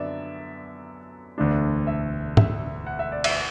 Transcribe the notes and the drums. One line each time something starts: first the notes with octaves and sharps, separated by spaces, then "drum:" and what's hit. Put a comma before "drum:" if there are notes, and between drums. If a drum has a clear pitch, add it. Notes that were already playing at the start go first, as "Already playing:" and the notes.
Already playing: F#2 D3 F#3 B3 D4 D5 E5
E1 D2 D3 A3 D4
E5
E5, drum: tom G#2
F#5
E5
D5
E5, drum: cymbal